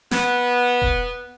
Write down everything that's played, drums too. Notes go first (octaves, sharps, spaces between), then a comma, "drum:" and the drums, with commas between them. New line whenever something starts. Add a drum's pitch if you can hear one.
B3, drum: snare
drum: kick E1